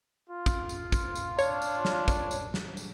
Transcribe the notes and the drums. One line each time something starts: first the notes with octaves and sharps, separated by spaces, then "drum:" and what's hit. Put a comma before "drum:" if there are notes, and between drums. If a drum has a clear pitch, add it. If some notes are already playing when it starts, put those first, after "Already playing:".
F4
drum: kick, tambourine
drum: tambourine
drum: kick, tambourine
drum: tambourine
D4 C#5, drum: tambourine
drum: tambourine
drum: snare
drum: kick, tambourine
drum: tambourine
drum: snare
drum: tambourine